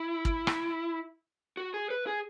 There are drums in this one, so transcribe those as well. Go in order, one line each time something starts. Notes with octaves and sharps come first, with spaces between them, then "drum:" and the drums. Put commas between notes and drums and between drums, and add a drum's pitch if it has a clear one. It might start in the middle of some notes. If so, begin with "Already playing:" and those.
Already playing: E4
drum: kick
drum: rim click
F#4
G#4
B4
G#4